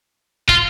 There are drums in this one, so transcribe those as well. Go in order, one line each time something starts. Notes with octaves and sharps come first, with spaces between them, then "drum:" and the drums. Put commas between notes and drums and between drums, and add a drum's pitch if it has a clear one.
F4, drum: kick